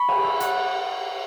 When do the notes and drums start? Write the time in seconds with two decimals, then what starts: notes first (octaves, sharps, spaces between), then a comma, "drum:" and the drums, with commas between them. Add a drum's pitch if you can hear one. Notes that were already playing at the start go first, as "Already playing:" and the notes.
Already playing: B5 C#6
0.08 G#5, drum: cymbal
0.24 E5
0.40 F#5, drum: hi-hat